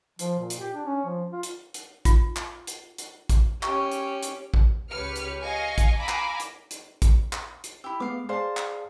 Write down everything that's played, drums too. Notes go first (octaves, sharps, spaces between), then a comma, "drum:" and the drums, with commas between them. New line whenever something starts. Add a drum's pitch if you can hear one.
F3, drum: hi-hat
A#2
drum: hi-hat
G4
D4
C#4
F3
F4
drum: hi-hat
drum: hi-hat
F4, drum: kick A1, hi-hat
drum: clap
drum: hi-hat
drum: hi-hat
drum: kick A1, hi-hat
C#4 G4 C#6, drum: clap
drum: hi-hat
drum: hi-hat
drum: kick A1
C#2 G4 B4 C#5 F6 C#7
drum: hi-hat
D#5 F5 G#5 C#6
drum: kick A1, hi-hat
F5 G#5 A#5 B5 D6 E6
drum: clap
drum: hi-hat
drum: hi-hat
drum: kick A1, hi-hat
drum: clap
drum: hi-hat
E4 G4 E6
G#3 A3 B3 F5 D6
G#4 C5 D5 F5 A5
drum: clap